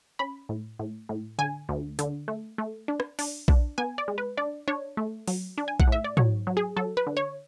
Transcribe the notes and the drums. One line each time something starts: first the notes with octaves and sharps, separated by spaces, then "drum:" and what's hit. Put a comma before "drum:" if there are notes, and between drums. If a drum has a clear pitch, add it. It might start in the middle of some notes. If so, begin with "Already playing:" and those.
C#4 B5
A2
A2
A2
D3 G#5
D2
D3, drum: hi-hat
A3
A3
D4
drum: rim click
D4, drum: open hi-hat
D4, drum: kick A#1
B3 G#5
D5
G#3
B4
D4 D5
D4 C#5
A3
F#3, drum: open hi-hat
D4
G#5
F#5, drum: kick A#1
A2 E5
D5
F#3 C#5, drum: tom
F#3
G#4
F#3 A4
B4
D3
C#5